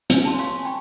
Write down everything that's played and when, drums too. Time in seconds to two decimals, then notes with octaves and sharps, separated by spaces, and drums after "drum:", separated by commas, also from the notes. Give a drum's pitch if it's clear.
0.10 A#4 C#5 G#5, drum: hi-hat
0.24 G4 A5 A#5 C6
0.39 C#5 F5 G#5 C6 C#6
0.65 G5 B5 C#6